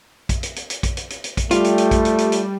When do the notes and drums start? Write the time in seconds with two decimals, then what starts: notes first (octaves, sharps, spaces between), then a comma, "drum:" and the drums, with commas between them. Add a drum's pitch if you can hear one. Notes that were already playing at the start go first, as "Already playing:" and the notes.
0.29 drum: kick A#1, hi-hat
0.43 drum: hi-hat
0.56 drum: hi-hat
0.70 drum: hi-hat
0.83 drum: kick A#1, hi-hat
0.97 drum: hi-hat
1.10 drum: hi-hat
1.24 drum: hi-hat
1.37 drum: kick A#1, hi-hat
1.51 G3 A3 F4, drum: hi-hat
1.64 drum: hi-hat
1.78 drum: hi-hat
1.91 drum: kick A#1, hi-hat
2.05 drum: hi-hat
2.18 drum: hi-hat
2.32 drum: hi-hat